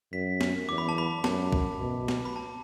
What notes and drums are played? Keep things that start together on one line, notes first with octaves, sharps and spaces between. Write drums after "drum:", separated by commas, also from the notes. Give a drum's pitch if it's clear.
F#2 B6
drum: snare
E2 D6
B5
A5
B5
F#2 A5, drum: snare
drum: kick
B2
drum: snare
B5
A5